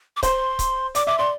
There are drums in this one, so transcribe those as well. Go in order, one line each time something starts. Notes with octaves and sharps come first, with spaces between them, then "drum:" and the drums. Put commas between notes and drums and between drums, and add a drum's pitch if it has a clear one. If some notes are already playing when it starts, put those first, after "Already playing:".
D6
C5 C6, drum: kick C#1, hi-hat
drum: kick C#1, hi-hat
D5 D6, drum: hi-hat
E5 D6
D5 C6